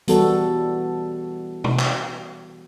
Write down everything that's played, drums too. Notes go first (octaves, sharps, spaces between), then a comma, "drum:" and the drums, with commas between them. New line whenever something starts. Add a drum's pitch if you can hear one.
E3 G3 B3 F#4 A4, drum: hi-hat
drum: tom
drum: clap